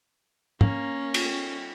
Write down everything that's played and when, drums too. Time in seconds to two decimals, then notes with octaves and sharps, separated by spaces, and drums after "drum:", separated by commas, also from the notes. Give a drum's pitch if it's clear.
0.61 A#3 C#4, drum: tom
1.14 drum: cymbal